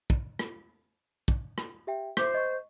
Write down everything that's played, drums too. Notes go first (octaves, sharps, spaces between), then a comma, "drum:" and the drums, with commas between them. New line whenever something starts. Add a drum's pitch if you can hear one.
drum: kick
drum: rim click
drum: kick
drum: rim click
G4 E5 G5
C5 E5 D6 G6, drum: rim click
D#5 C#6